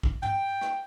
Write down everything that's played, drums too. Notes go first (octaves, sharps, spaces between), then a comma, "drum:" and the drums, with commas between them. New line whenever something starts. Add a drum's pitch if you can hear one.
drum: kick
G5, drum: tom
drum: rim click